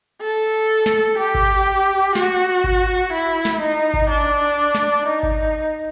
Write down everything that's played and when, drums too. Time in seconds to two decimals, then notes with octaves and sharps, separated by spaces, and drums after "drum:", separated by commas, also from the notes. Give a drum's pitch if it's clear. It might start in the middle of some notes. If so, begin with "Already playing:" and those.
0.22 A4
0.86 drum: snare
1.19 G4
1.35 drum: kick G#1
2.15 F#4, drum: snare
2.64 drum: kick G#1
3.13 E4
3.45 drum: snare
3.61 D#4
3.94 drum: kick G#1
4.10 D4
4.75 drum: snare
5.07 D#4
5.23 drum: kick G#1